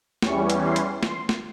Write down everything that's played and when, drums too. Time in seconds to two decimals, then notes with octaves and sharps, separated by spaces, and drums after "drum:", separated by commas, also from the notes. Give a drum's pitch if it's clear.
0.22 E2 E3 G3 C#4 C#6, drum: snare
0.50 drum: hi-hat
0.63 C6
0.76 drum: hi-hat
1.03 C6, drum: snare
1.29 drum: snare